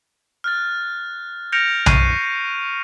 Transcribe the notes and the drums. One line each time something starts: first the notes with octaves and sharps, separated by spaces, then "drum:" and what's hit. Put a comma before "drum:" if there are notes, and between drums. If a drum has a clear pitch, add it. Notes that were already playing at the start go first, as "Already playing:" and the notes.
F6 F#6 A6
F6 G6 A#6 C#7 D7 F7
C#6 F#6 C7 D#7, drum: tom B1